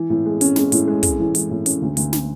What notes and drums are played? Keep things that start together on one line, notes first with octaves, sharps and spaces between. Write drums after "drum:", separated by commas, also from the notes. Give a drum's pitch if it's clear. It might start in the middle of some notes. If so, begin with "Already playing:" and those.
Already playing: E3
A2
G#3
C#4, drum: hi-hat
G#3, drum: snare
A2, drum: hi-hat
G#3
G#3, drum: kick, hi-hat
E3
E3, drum: hi-hat
A2
C#4, drum: hi-hat
D2
D2, drum: hi-hat
drum: snare